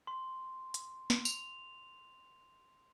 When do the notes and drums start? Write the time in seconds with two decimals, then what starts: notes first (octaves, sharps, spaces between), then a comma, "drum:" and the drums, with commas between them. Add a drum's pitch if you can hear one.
0.07 C6
0.74 drum: hi-hat
1.10 drum: snare
1.25 F7, drum: tambourine